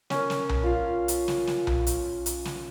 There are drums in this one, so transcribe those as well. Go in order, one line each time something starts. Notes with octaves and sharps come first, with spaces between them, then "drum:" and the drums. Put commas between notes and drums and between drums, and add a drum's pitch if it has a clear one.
C#4 A#4, drum: snare
drum: snare
drum: tom B1
F4 F5
drum: hi-hat
drum: snare
drum: snare
drum: tom B1
drum: hi-hat
drum: hi-hat
drum: snare